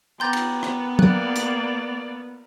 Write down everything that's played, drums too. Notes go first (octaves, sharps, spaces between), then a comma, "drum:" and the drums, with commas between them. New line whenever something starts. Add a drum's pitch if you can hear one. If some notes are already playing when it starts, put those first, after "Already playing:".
B3 G5 A#5 C6 D6 G6 A6
drum: cymbal
drum: rim click
A#3 D5 F#6, drum: tom
drum: hi-hat